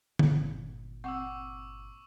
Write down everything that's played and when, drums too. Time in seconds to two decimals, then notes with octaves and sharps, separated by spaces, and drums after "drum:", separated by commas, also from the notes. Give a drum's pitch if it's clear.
0.19 G1 A#2, drum: tom D3
1.04 C4 F#5 C#6 D6 E6